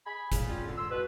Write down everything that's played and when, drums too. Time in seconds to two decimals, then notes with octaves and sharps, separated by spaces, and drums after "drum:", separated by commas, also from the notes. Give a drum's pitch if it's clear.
0.06 G#4 G#5 B5
0.32 C#3, drum: kick, hi-hat
0.48 G3 C4 C#4 F4
0.66 D3
0.78 C6 E6
0.91 B2 B4